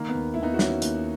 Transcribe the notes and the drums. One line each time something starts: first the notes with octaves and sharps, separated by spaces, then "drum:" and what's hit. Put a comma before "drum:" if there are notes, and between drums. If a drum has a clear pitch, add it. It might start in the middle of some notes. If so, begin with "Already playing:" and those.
Already playing: D#3 A#3
B3
D#2
D#2 E4
B3 D#4
F#4
D#2 C#4 E4, drum: snare
D#2, drum: hi-hat